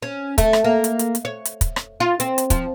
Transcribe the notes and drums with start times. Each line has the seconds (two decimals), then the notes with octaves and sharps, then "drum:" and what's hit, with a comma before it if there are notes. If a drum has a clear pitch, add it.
0.02 C#4
0.38 A3, drum: kick, hi-hat
0.53 drum: rim click
0.64 A#3
0.84 drum: hi-hat
0.99 drum: hi-hat
1.15 drum: hi-hat
1.25 C#5
1.45 drum: hi-hat
1.61 drum: kick, hi-hat
1.76 drum: rim click
2.00 F4
2.20 C4, drum: hi-hat
2.38 drum: hi-hat
2.50 F3, drum: kick, hi-hat